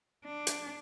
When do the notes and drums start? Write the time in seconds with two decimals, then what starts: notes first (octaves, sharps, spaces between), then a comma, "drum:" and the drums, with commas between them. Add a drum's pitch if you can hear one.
0.25 D4
0.47 drum: hi-hat